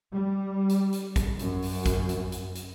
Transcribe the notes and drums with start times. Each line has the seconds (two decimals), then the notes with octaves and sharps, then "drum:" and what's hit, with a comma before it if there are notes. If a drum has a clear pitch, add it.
0.13 G3
0.69 drum: hi-hat
0.93 drum: hi-hat
1.16 drum: kick, hi-hat
1.39 F#2, drum: hi-hat
1.62 drum: open hi-hat
1.86 drum: kick, hi-hat
2.09 drum: hi-hat
2.32 drum: hi-hat
2.55 drum: hi-hat